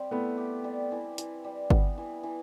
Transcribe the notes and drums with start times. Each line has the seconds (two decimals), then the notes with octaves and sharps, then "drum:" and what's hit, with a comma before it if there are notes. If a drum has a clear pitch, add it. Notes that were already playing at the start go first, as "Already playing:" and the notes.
Already playing: G3 C4 G4
0.11 A3 B3 E4
0.38 G4
0.64 G3
0.92 E3
1.18 E3, drum: hi-hat
1.44 G3
1.70 B3, drum: kick G1
1.98 E3
2.23 E3